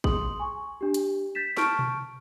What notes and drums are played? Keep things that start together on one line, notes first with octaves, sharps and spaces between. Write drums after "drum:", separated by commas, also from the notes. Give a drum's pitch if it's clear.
G#4 C6 D#6 F#7, drum: kick
G#5 C#6
D4 G4
drum: hi-hat
G6 A6 B6 E7
A5 C#6 F6 G6 D7, drum: snare
drum: tom B2